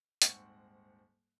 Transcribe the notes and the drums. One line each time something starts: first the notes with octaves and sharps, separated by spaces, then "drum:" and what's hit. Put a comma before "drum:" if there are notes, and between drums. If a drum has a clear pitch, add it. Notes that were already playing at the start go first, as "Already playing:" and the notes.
D#1 G#2 C4 C5 F#5 C#6, drum: hi-hat